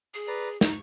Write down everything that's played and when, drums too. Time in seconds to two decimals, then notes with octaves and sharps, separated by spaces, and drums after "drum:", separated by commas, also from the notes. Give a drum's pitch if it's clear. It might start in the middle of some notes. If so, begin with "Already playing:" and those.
0.14 G#4
0.28 B4 D5 A#5
0.61 D#4 C#6, drum: snare